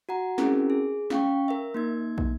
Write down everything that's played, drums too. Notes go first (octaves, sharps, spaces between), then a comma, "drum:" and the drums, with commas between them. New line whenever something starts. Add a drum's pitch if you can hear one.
F#4 F#5 A#5
C4 C#4 E4 F#4 G#4 A#4, drum: snare
G#4
C#4 F5 G5 C#6, drum: snare
A#4 E5
A#3 D#4 G#6
drum: kick